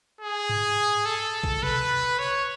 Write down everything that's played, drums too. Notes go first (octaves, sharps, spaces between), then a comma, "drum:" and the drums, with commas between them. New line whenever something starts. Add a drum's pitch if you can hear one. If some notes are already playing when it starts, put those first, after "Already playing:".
G#4
drum: tom G2
A4
drum: kick A#1
B4, drum: tom B2
C#5